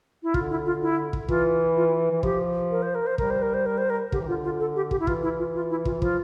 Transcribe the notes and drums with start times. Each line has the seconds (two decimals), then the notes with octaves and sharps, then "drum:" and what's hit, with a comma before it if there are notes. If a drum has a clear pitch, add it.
0.23 E4
0.34 D3 F4, drum: kick
0.50 E4
0.66 F4
0.82 E4
1.13 drum: kick
1.29 E3 F4, drum: kick
1.76 F4
2.11 E3
2.23 F3 G4, drum: kick
2.71 A#4
2.82 C5
2.95 A#4
3.07 C5
3.18 G3 A#4, drum: kick
3.30 C5
3.42 A#4
3.54 C5
3.66 A#4
3.78 C5
3.90 A#4
4.12 D3 G4, drum: kick
4.20 E3
4.28 D3 F4
4.44 F4
4.60 A4
4.76 G4
4.91 G4, drum: kick
5.00 E4
5.07 E3 F4, drum: kick
5.23 E4
5.38 F4
5.54 F4
5.70 E4
5.85 F4, drum: kick
5.90 E3
6.02 F3 F4, drum: kick